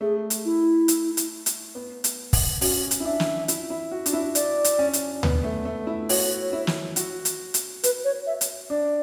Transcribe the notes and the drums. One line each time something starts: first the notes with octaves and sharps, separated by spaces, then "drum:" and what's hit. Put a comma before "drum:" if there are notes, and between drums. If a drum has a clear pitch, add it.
A3 G#4
drum: hi-hat
E4
drum: hi-hat
drum: hi-hat
drum: hi-hat
B3
drum: hi-hat
drum: kick, open hi-hat
C#4 F#4, drum: open hi-hat
drum: hi-hat
E4
D4 E5
drum: snare
E4, drum: hi-hat
E4
F#4
D4, drum: hi-hat
E4
D5, drum: hi-hat
drum: hi-hat
C#4
drum: hi-hat
B3, drum: tom D2
A3
A3
E4
F#4 C#5, drum: open hi-hat
E4
drum: snare
F#4, drum: hi-hat
drum: hi-hat
drum: hi-hat
B4, drum: hi-hat
C#5
E5
drum: hi-hat
D4 D5